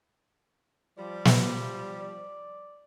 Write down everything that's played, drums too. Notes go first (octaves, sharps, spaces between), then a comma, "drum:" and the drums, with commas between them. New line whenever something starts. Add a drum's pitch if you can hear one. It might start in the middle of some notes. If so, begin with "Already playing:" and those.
F3 G3 D5
drum: snare